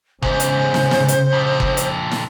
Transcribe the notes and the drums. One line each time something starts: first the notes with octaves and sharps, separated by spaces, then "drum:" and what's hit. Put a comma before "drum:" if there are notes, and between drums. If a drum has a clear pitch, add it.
E2 G#2 C#3 C5, drum: kick F#1
drum: hi-hat
drum: snare
drum: snare
drum: hi-hat
F2 A#2
drum: kick F#1
drum: hi-hat
drum: snare